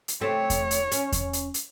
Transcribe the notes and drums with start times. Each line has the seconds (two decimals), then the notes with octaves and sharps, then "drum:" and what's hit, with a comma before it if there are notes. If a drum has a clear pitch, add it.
0.08 drum: hi-hat
0.21 C3 A3 C4 C#5
0.50 drum: kick E2, hi-hat
0.71 drum: hi-hat
0.92 C#4, drum: hi-hat
1.12 drum: kick E2, hi-hat
1.33 drum: hi-hat
1.54 drum: hi-hat